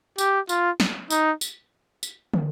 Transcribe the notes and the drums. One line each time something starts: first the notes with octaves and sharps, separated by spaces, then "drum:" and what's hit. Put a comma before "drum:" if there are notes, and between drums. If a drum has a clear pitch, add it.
G4, drum: tambourine
F4, drum: tambourine
drum: snare
D#4, drum: tambourine
drum: tambourine
drum: tambourine
drum: tom